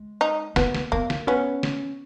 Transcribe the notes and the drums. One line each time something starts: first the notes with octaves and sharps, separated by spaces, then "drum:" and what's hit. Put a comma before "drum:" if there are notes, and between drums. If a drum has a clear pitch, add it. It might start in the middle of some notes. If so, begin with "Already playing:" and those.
Already playing: G#3
D#4
A#3 B3, drum: snare
drum: snare
A#3 B3
drum: snare
B3 C#4
drum: snare